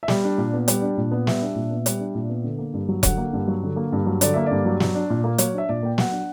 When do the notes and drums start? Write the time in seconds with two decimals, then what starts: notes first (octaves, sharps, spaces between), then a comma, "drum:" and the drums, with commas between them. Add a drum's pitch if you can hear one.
0.03 E5
0.08 G3 D5, drum: snare
0.24 D4
0.38 A#2
0.53 B3
0.68 G3, drum: hi-hat
0.82 D4
0.98 A#2
1.11 B3
1.27 G3 E5, drum: snare
1.42 D4
1.55 A#2
1.71 B3
1.86 G3, drum: hi-hat
2.00 D4
2.15 A#2
2.30 B3
2.44 D3
2.58 A#3
2.74 G2
2.88 F#3
3.03 D3 F#5, drum: kick E1, hi-hat
3.18 A#3
3.33 G2
3.48 F#3
3.63 D3
3.76 A#3
3.92 G2
4.06 F#3
4.21 D3 D5, drum: hi-hat
4.34 A#3 E5
4.46 G2 D5
4.65 F#3
4.80 F#3, drum: snare
4.95 D4
5.10 A#2
5.24 A#3
5.38 F#3 C#5, drum: hi-hat
5.54 D4 E5
5.69 A#2 D5
5.83 A#3 G5
5.98 F#3 F#5, drum: snare
6.12 D4